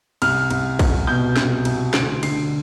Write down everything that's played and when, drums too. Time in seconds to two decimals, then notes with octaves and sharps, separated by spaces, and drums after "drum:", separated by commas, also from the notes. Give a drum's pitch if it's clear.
0.22 C2 F6, drum: cymbal
0.50 C2, drum: cymbal
0.79 C2, drum: kick A#1, cymbal
1.07 B2 G6
1.36 C2, drum: snare
1.65 C2, drum: cymbal
1.94 D2 D7, drum: snare
2.23 D3 C7, drum: cymbal